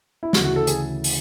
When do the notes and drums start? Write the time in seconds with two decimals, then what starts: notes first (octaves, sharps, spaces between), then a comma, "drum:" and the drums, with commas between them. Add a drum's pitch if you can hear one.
0.23 E4
0.33 D2 C#3 E3 F#4, drum: snare
0.45 F#4
0.56 A4
0.67 G#4, drum: hi-hat
1.04 drum: open hi-hat